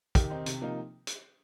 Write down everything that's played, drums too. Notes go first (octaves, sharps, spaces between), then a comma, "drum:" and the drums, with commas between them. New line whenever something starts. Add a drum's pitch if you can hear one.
D#3 G4, drum: kick, hi-hat
C4 D#4
C3, drum: hi-hat
F3 A#3 D#4
drum: hi-hat